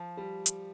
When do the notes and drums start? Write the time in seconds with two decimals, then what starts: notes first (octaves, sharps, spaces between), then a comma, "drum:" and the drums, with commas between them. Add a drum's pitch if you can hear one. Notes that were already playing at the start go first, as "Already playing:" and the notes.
Already playing: F3
0.17 G3
0.46 drum: hi-hat